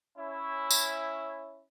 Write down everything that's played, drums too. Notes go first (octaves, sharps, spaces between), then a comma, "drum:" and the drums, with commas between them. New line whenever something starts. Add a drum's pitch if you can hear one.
C#4 E4
drum: tambourine